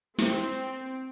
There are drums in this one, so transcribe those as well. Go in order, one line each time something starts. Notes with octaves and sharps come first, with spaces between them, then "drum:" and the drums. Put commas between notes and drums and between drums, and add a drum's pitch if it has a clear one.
C4, drum: snare